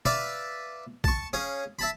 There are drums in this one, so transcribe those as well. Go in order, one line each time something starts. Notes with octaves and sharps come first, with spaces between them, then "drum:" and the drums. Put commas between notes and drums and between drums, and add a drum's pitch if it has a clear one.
B4 D5 E5 F5, drum: tom
A5 C#6, drum: kick
C#4 G#4 F5
E5 A5 B5